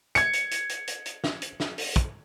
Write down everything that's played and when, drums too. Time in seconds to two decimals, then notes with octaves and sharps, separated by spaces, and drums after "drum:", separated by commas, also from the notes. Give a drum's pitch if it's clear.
0.15 G#6 C#7, drum: hi-hat
0.33 drum: hi-hat
0.51 drum: hi-hat
0.69 drum: hi-hat
0.87 drum: hi-hat
1.06 drum: hi-hat
1.24 drum: snare
1.42 drum: hi-hat
1.60 drum: snare
1.78 drum: open hi-hat
1.96 drum: kick, hi-hat